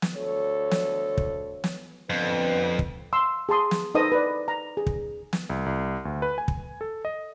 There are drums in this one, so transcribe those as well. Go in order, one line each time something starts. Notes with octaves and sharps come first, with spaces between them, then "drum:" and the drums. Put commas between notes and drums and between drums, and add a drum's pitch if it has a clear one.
drum: snare
D2 A4 C#5
drum: snare
drum: kick
drum: snare
F2 D3 B3 B4
drum: kick
C6 E6
G#4 A5 C6 D#6
drum: snare
D#4 A4 B4 C5 D#5 D#6
B4 D5
A#5
G#4
drum: kick
drum: snare
C2
C2
D2
B4
G#5
drum: kick
A4
D#5